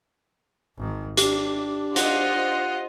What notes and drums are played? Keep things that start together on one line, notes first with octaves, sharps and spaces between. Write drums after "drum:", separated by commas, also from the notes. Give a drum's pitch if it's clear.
G#1 D#3
D4 G4, drum: hi-hat
F4 C5 D#5 F#5, drum: hi-hat